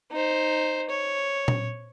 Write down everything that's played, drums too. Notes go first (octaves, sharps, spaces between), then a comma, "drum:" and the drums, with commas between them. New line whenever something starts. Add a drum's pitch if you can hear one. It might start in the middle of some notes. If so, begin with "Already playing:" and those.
D#4 C5
C#5
drum: tom A#2